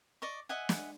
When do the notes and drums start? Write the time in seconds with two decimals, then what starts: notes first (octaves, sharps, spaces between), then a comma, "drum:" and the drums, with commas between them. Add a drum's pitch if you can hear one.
0.22 D5 D#5 C#6
0.49 D#5 E5 F#5 G#5
0.69 drum: snare